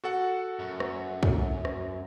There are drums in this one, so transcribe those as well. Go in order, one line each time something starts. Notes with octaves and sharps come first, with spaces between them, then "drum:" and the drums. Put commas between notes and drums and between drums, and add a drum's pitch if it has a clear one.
F#4 A4 F#5
F#2
drum: rim click
drum: kick
drum: rim click